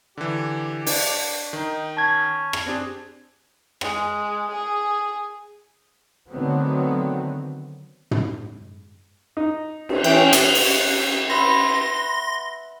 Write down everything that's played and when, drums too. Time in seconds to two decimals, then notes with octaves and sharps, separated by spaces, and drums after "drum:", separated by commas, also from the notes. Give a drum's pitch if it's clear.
0.17 D3 E3 G4
0.86 D4, drum: open hi-hat
1.53 D#3 D#4
1.97 C#4 A5 G#6
2.53 drum: rim click
2.66 C4 D4 G4 G#4
3.81 G#3, drum: rim click
4.52 G#4
6.28 D3 D#3 F#3 A3 B3 C4
8.11 drum: tom
9.37 D#4
9.89 drum: cymbal
10.04 E3 C#4 G5, drum: cymbal
10.33 drum: hi-hat
10.55 drum: open hi-hat
11.30 B4 E5 F#5 C6 A#6